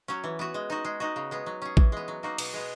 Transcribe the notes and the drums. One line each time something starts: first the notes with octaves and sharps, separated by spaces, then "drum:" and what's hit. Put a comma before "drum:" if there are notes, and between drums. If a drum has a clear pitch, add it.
F#3 C#4
E3
B3 F#4
G#3
D#4 F#4
G#3
D#4 F#4
C#3
G#3 B3
F#3
C#4 G#4
E3, drum: kick A1
G#3 B3
F#3
A#3 D#4 F#4
B2, drum: cymbal
G#3 B3